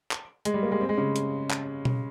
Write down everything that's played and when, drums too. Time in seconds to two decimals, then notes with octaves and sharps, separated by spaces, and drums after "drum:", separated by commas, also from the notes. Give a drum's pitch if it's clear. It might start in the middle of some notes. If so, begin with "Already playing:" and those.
0.11 drum: clap
0.45 G#3, drum: hi-hat
0.54 G3
0.63 A#3
0.72 G#3
0.81 C4
0.89 G#3
0.98 C#3
1.16 drum: hi-hat
1.50 drum: clap
1.85 drum: tom B2